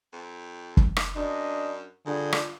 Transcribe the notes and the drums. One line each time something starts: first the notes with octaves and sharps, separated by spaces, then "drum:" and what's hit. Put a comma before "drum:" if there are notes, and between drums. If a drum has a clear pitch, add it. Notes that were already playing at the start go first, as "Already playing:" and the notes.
F2
drum: kick
drum: rim click
F#2 D4 D#5
G2 D3 F4 G#4
drum: rim click